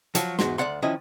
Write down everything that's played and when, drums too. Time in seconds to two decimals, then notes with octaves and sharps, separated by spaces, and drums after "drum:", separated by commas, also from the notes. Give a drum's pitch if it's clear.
0.15 F3 F#3 F#4, drum: hi-hat
0.39 E2 G#2 F#4 C6, drum: snare
0.58 D2 C3 D5 F#5 C6
0.82 D#3 F3 C#4 E4 D#5